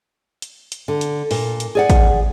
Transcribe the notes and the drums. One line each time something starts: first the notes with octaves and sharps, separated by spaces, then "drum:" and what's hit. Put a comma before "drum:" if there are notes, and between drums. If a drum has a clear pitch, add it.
drum: hi-hat
drum: hi-hat
D3
drum: hi-hat
A#2, drum: open hi-hat
drum: hi-hat
G#4 D5 F#5
drum: kick, hi-hat